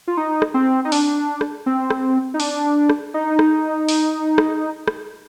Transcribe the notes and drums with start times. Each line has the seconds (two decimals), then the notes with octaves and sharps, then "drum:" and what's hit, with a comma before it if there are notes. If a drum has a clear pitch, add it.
0.07 F4
0.17 D#4
0.42 drum: rim click
0.54 C4
0.85 D#4
0.92 D4, drum: open hi-hat
1.41 drum: rim click
1.66 C4
1.90 drum: rim click
2.34 D#4
2.40 D4, drum: open hi-hat
2.89 drum: rim click
3.14 D#4
3.39 drum: rim click
3.88 drum: open hi-hat
4.38 drum: rim click
4.88 drum: rim click